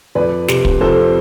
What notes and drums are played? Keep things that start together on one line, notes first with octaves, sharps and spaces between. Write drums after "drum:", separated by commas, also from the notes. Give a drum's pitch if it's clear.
F2 B4 D5
C3, drum: snare
drum: kick
F2 A4 C5